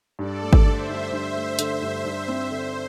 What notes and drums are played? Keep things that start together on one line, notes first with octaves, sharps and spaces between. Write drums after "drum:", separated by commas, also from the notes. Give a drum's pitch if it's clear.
G2 A4 D5
A3
drum: kick G#1
D3 C5 E5
G2
G2 C5 E5
A3
D3, drum: hi-hat
G2
G2
C4
D3 C5